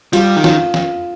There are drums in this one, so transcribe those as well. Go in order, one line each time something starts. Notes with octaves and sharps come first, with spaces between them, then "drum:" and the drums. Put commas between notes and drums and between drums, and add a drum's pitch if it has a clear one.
G3 F4, drum: cymbal
D#3
F4, drum: snare
drum: snare